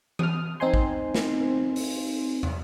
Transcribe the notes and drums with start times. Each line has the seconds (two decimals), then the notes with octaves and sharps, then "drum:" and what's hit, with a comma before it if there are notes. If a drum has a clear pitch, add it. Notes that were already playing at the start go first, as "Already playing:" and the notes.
0.19 D#6 F6, drum: tom E3
0.60 C4 D#4 C5 G#5 C6
0.74 drum: kick A1
1.15 drum: snare
1.76 drum: open hi-hat
2.43 drum: tom